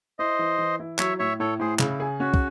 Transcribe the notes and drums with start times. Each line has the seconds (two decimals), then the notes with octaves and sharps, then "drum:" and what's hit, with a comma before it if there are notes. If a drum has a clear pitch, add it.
0.19 E4 C5 D#5
0.39 E3
0.58 E3
0.80 E4
0.99 F#3 C#5 E5, drum: clap
1.19 A2 C#5 E5
1.40 A2 A4 C#5
1.59 A2 G#4 C5
1.79 C#3 E4, drum: clap
2.00 G#4
2.20 C#4 F#4
2.34 drum: kick